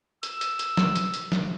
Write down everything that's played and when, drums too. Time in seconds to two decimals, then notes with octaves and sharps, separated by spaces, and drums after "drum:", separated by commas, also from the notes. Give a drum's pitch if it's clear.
0.23 E6, drum: hi-hat
0.41 drum: hi-hat
0.59 drum: hi-hat
0.77 drum: snare
0.96 drum: hi-hat
1.14 drum: hi-hat
1.32 drum: snare